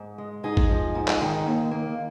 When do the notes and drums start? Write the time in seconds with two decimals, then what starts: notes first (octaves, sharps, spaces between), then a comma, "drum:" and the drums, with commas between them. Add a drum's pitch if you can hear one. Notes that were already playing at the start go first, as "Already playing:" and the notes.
Already playing: G#2
0.18 G#3
0.43 G#2 D#4 G#4
0.57 drum: kick G#1
0.70 F3
0.95 G#2
1.08 drum: clap
1.21 D#3
1.46 D#2
1.71 A#3